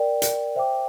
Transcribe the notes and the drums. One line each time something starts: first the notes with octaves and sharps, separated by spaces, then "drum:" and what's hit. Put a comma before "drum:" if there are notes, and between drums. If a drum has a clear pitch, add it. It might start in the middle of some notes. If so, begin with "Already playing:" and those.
Already playing: A#4 D5 G5
drum: hi-hat
C5 E5 G5 D6